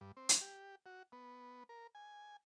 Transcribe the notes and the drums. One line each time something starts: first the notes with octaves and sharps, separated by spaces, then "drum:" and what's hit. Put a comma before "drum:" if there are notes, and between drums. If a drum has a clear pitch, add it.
G2
C4
drum: hi-hat
G4
F#4
B3
A#4
G#5